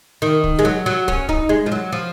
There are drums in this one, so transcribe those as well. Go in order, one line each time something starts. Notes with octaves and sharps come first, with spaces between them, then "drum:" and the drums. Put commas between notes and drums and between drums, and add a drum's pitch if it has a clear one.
D#3
drum: kick
G#3
F#3
F#3
C#4, drum: kick
D#4, drum: kick
G#3
F3
F#3
F3